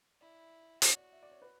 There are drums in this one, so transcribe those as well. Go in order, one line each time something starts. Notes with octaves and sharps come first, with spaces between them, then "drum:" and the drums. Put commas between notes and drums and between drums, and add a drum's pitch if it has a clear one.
E4 D5
F#4 C#5, drum: hi-hat
D5
E5
D5
C#5
B4